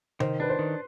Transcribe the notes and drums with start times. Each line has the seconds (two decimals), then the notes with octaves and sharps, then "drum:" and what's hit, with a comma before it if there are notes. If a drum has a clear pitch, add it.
0.20 D#3 C5, drum: tom C3
0.40 D4 B4
0.49 C5
0.59 D#3